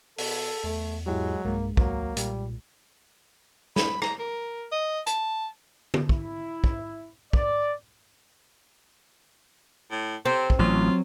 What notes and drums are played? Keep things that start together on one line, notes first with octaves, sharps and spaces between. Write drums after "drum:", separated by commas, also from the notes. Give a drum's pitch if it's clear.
B2 A4, drum: open hi-hat
E2 A3
G#2 F#3 G#3 E4 G4
B1 G2 G#3 A#3
D2 F#3 A#3, drum: kick
A#2 G3, drum: hi-hat
B5, drum: snare
A#5, drum: rim click
A#4
D#5
A5, drum: hi-hat
drum: tom
E4, drum: kick
drum: kick
D5, drum: kick
A2
C3 C4
drum: kick
A1 F#3 F4